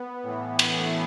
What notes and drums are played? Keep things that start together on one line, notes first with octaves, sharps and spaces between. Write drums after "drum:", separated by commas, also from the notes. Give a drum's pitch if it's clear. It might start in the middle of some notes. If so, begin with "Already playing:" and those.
Already playing: B3
A2 E3
drum: cymbal
A3